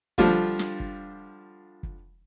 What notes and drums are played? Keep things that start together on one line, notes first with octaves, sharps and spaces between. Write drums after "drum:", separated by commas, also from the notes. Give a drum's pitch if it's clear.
D3 F3 G3 D4 F4, drum: kick
drum: snare
drum: kick
drum: kick